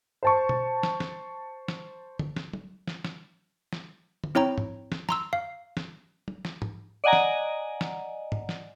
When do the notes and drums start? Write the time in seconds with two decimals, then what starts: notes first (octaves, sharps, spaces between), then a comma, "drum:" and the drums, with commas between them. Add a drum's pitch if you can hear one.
0.23 C5 A5 C#6
0.49 drum: tom B2
0.83 drum: snare
1.00 drum: snare
1.68 drum: snare
2.19 drum: tom D3
2.36 drum: snare
2.53 drum: tom
2.87 drum: snare
3.05 drum: snare
3.73 drum: snare
4.24 drum: tom D3
4.35 C4 E4 C#5 G5 A#5
4.58 drum: tom G#2
4.92 drum: snare
5.09 A#5 C6 E6, drum: snare
5.33 F5
5.77 drum: snare
6.28 drum: tom
6.45 drum: snare
6.62 drum: tom G#2
7.04 D5 D#5 F#5 G#5 A#5
7.13 drum: snare
7.81 drum: snare
8.32 drum: tom G#2
8.49 drum: snare